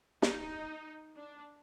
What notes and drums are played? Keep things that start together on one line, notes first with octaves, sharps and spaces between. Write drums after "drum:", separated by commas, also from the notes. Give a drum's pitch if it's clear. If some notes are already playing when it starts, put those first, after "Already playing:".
D#4, drum: snare
D4